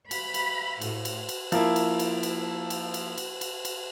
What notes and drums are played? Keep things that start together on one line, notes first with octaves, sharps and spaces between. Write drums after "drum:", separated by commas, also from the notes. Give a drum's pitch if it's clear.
B5, drum: cymbal
drum: cymbal
A2, drum: cymbal
drum: cymbal
drum: cymbal
F3 A#3 E4, drum: cymbal
drum: cymbal
drum: cymbal
drum: cymbal
drum: cymbal
drum: cymbal
drum: cymbal
drum: cymbal
drum: cymbal